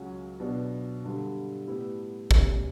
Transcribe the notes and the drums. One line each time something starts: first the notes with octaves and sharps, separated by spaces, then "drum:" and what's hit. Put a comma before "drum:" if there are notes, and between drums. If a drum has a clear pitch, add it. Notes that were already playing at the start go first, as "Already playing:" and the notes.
Already playing: C#2 C#3 F#3 C#4 F#4
B2 F#3 B3 D4
G2 D3 G3
A2 G3 B3 E4 G4
B2 G3 C#4 G4, drum: kick A1